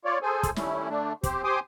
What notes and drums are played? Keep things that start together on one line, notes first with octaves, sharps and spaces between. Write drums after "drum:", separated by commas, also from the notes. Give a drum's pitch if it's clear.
F4 C#5 D5
G#4 A4 C5 G#5
drum: kick, hi-hat
D#3 G3 A3 C#4 E4, drum: snare
D3 A3 D4
C4 G4 C5, drum: kick, hi-hat
G4 C5 G#5 C6 D6 D#6